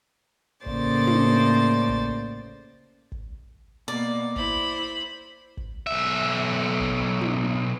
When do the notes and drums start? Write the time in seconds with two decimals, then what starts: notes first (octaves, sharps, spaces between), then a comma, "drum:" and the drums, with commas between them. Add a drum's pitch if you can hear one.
0.66 A2 C#3 A#3 C5 D5 A6, drum: kick
1.07 drum: tom
1.89 drum: kick
3.12 drum: kick
3.88 B2 A#3 D5
4.36 E4 C5 B5, drum: kick
5.57 drum: kick
5.87 B1 E5
6.80 drum: kick
7.21 drum: tom